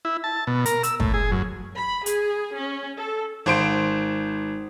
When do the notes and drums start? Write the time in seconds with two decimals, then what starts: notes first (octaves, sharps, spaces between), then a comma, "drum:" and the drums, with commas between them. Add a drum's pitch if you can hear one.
0.05 E4
0.24 A5
0.47 B2
0.66 A#4, drum: hi-hat
0.83 E6, drum: hi-hat
1.00 A2, drum: kick
1.14 G#4
1.31 F#2
1.75 B5
2.06 G#4, drum: hi-hat
2.55 C#4
2.96 A4
3.46 G#1 C5 D7